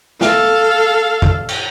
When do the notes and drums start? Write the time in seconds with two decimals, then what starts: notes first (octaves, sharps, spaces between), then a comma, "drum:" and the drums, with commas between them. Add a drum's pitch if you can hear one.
0.21 A4 F5, drum: snare
1.22 drum: kick
1.49 drum: cymbal